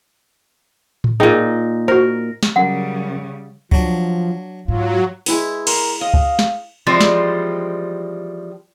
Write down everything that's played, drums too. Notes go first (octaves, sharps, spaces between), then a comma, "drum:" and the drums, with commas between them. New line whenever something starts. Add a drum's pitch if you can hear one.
drum: tom A2
A#2 D#4 G#4 G5
F#4 A#4 C5
drum: snare
C#3 F#3 G3 C#4 A#4 F#5
F3 F#3 D4, drum: kick C#2
G#2 F#3 F4
G#3 E4 B4, drum: open hi-hat
A#4 C6, drum: cymbal
D#5 F5
drum: kick C#2
drum: snare
E3 F3 G3 G#3 C4
drum: snare